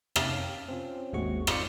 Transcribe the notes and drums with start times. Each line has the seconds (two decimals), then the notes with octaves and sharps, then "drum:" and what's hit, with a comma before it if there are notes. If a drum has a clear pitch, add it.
0.16 C3 C#4 G4 E5 A5 F6, drum: rim click
0.31 F5
0.69 C4 C#4 F4
1.13 G#1 D#2 G#3 A3 F#4 C#6
1.47 C4 F4 C5 D5 C#7, drum: rim click